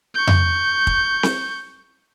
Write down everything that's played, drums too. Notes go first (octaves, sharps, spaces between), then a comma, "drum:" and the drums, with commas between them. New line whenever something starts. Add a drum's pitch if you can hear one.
C#6 G6
drum: tom F2
drum: kick
drum: snare C4